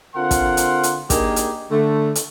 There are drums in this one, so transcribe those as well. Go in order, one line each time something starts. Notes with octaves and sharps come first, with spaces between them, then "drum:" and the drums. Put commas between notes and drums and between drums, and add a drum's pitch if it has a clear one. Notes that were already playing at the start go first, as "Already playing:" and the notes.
D3 C4 F4 A#4 F#5 C6
drum: kick, hi-hat
drum: hi-hat
drum: hi-hat
A#3 D4 D#4 G4 G#4 A#4, drum: kick, hi-hat
drum: hi-hat
D3 A3
drum: hi-hat